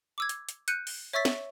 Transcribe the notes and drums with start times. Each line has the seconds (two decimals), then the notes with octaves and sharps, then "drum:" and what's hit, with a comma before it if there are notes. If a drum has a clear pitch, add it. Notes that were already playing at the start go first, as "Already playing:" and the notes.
0.18 D6 E6 G#6
0.29 drum: hi-hat
0.49 drum: hi-hat
0.68 F#6 G6 C#7 D#7, drum: hi-hat
0.87 drum: open hi-hat
1.13 C#5 E5 C#6 E6 A6 B6
1.25 drum: snare